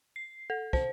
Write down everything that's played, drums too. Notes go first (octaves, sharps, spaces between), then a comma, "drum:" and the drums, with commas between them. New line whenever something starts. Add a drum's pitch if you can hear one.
C7
A4
C5, drum: kick